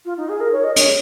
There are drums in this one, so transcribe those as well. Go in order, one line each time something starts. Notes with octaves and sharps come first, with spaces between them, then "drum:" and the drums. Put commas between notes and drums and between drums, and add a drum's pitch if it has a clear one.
F4
D#4
G#4
A#4
C#5
D#5
C#5, drum: hi-hat